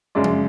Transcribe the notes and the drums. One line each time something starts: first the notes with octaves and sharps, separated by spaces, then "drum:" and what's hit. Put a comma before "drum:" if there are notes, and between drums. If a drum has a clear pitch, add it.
F#2 C#3 G#3 D5
drum: tom F3